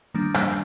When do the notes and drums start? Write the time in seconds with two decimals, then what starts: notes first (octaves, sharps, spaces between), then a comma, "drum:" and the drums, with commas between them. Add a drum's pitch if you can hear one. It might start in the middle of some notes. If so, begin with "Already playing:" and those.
0.14 D#3 G3 A#3 D4
0.34 drum: rim click